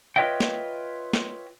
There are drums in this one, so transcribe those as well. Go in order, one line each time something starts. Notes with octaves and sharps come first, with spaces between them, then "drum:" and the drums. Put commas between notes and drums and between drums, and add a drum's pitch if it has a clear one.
F4 B4 C#5 D#5 E5 G5
drum: snare
drum: snare